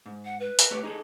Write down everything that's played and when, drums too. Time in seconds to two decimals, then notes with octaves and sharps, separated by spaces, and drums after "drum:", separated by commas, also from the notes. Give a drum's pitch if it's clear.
0.06 G#2
0.25 F#5
0.40 B4
0.59 drum: hi-hat
0.71 A3 G4 C#5
0.84 D#4 G#4 A4